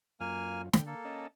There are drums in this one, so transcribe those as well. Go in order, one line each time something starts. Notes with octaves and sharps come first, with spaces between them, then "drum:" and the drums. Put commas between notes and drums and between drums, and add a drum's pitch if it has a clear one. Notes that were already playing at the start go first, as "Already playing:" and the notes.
F#2 A#3 F4 G#5 F6
D3 G5, drum: snare
A#3 A4
C#4 D#5 A5